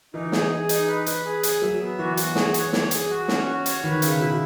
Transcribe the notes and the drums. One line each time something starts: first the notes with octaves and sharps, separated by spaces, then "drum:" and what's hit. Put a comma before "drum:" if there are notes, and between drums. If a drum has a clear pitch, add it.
E3 D#4
G#4, drum: snare
G#4
D#4, drum: hi-hat
B4
B4, drum: hi-hat
G#4
G#4, drum: hi-hat
F#3 E5
B3
E3 F#4
F#4, drum: hi-hat
G#4, drum: snare
C#5, drum: hi-hat
C#5, drum: snare
G#4, drum: hi-hat
F#4
C#4, drum: snare
F#4
C#5, drum: hi-hat
D#3 B4
C#3 E5, drum: hi-hat
B2 E4